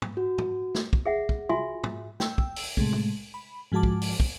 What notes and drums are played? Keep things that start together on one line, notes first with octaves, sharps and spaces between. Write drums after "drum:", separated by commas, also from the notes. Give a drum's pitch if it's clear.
drum: tom
F#4
drum: tom
drum: snare
drum: kick
G#4 E5 F#5
drum: kick
F4 F#4 E5 G#5 C6, drum: tom
drum: tom
G5 E6, drum: snare
drum: kick
drum: open hi-hat
A2 C3 G#3 A3, drum: kick
drum: tom
B5
G#2 F3 G#3 F#4 A5 D6
drum: kick
drum: open hi-hat
drum: kick